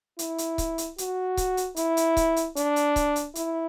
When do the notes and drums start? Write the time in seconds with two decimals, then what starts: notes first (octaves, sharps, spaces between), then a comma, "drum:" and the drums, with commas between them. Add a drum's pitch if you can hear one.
0.19 E4, drum: hi-hat
0.38 drum: hi-hat
0.58 drum: kick C#1, hi-hat
0.78 drum: hi-hat
0.98 F#4, drum: hi-hat
1.37 drum: kick C#1, hi-hat
1.57 drum: hi-hat
1.76 E4, drum: hi-hat
1.97 drum: hi-hat
2.17 drum: kick C#1, hi-hat
2.36 drum: hi-hat
2.56 D4, drum: hi-hat
2.76 drum: hi-hat
2.96 drum: kick C#1, hi-hat
3.16 drum: hi-hat
3.35 E4, drum: hi-hat